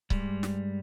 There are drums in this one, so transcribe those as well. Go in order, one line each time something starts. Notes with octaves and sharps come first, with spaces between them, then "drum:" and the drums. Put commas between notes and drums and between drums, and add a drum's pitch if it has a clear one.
G2 G3 G#3, drum: kick C#1
drum: snare